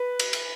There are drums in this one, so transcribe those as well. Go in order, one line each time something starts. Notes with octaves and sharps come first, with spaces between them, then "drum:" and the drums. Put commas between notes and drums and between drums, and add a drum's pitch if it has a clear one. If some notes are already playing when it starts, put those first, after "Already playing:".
Already playing: B4
drum: cymbal
drum: cymbal